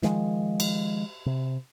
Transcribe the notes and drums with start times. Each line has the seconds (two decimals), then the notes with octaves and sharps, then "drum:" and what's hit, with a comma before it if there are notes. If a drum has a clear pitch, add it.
0.02 D#3 F3 G#3, drum: snare
0.60 drum: cymbal
1.26 C3